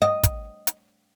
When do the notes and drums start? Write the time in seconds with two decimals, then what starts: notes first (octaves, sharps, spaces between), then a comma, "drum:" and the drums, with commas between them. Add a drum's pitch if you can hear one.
0.02 D#5
0.23 drum: kick, hi-hat
0.67 drum: hi-hat